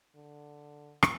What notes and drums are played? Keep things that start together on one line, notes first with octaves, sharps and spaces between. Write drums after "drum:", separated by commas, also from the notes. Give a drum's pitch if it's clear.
D3
drum: rim click